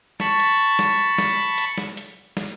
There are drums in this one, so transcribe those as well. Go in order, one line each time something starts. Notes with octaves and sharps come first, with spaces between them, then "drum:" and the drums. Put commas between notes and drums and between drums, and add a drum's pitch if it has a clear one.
A5 B5 C#6, drum: snare
drum: hi-hat
drum: snare
drum: snare
drum: hi-hat
drum: snare
drum: hi-hat
drum: snare